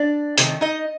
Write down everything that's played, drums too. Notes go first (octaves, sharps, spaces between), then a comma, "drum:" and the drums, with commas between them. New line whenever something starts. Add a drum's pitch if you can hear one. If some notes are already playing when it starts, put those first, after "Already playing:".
Already playing: D4 D5
C3 D#3 A3, drum: hi-hat
D#4 D#5